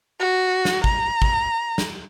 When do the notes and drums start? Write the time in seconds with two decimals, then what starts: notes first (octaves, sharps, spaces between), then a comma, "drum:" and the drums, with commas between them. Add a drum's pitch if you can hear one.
0.20 F#4
0.65 drum: snare
0.84 A#5, drum: kick
1.22 drum: kick
1.78 drum: snare